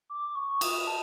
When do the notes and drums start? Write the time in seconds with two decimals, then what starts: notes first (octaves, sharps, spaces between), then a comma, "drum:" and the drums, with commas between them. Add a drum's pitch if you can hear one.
0.10 D6
0.35 C#6
0.61 D#6, drum: cymbal
0.87 A5